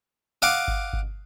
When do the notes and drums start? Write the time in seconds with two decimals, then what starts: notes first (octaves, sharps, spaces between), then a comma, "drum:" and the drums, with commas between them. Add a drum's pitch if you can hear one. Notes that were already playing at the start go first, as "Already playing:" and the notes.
0.42 D#5 F5 F#5 D6
0.68 drum: kick G1
0.93 drum: kick G1